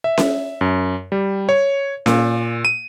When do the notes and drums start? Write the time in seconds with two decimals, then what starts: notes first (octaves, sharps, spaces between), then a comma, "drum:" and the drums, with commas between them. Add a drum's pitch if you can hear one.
0.04 E5
0.18 drum: snare C#4
0.61 F#2
1.12 G3
1.49 C#5
2.06 A#2, drum: snare C#4
2.65 D#7